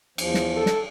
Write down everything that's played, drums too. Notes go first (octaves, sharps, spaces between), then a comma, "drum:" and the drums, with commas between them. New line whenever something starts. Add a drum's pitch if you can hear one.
E2 F3, drum: cymbal
drum: snare
A4
drum: snare